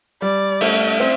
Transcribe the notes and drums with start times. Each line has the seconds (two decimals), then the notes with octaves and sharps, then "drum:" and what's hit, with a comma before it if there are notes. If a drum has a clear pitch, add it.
0.22 G3 D5
0.61 A3 E5, drum: cymbal
1.00 C4